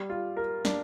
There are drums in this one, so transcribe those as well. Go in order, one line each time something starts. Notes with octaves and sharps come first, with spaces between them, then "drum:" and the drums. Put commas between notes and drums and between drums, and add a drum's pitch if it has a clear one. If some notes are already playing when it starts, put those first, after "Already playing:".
Already playing: G3
F4
A#4
D4, drum: snare